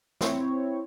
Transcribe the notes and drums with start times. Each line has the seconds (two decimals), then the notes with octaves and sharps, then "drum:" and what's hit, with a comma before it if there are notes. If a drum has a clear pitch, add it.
0.21 C4 E4 C#5, drum: snare